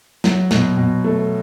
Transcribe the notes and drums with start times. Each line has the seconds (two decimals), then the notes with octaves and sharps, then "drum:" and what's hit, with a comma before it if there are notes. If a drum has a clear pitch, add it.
0.24 F#3, drum: snare
0.51 B2, drum: snare
0.77 B2
1.04 A3